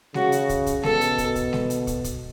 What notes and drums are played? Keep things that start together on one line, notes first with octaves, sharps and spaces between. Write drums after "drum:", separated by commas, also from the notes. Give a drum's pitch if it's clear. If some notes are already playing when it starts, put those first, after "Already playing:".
C#3 F#4, drum: snare G#3
drum: hi-hat
drum: kick, hi-hat
drum: kick, hi-hat
B2 A4, drum: snare G#3
drum: hi-hat
drum: kick, hi-hat
drum: kick, hi-hat
drum: snare G#3
drum: hi-hat
drum: kick, hi-hat
drum: kick, hi-hat